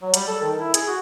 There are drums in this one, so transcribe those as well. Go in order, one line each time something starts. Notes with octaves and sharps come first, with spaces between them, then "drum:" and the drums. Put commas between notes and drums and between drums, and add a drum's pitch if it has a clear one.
F#3
G3, drum: hi-hat
A4
D#3
E4
G#4, drum: hi-hat
F#4